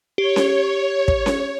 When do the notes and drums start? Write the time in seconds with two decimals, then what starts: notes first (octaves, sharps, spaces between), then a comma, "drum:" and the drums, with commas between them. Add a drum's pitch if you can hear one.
0.18 G4 C#5
0.36 drum: snare C#4
1.08 drum: kick
1.26 drum: snare C#4